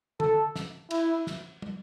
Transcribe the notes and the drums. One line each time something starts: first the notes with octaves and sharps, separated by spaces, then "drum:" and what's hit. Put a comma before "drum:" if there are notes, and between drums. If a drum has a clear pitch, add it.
A4, drum: tom
drum: snare
E4, drum: cymbal
drum: snare
drum: tom